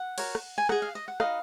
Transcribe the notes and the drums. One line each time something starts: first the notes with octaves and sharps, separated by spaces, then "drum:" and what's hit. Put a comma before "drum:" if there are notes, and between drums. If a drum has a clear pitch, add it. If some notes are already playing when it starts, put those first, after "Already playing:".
Already playing: F#5
F#4 A#4 C#5, drum: cymbal
drum: rim click
G#5
G#4 D#5 F#5, drum: rim click
F5
D#5
F#5
D#4 F#4 B4 D#5 F5, drum: rim click